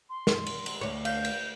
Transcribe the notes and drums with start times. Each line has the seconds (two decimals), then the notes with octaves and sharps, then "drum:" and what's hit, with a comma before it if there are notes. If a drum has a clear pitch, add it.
0.09 C6
0.27 drum: snare
0.46 drum: cymbal
0.66 drum: cymbal
0.81 D2 C#5
1.05 F5 G6, drum: cymbal
1.25 drum: cymbal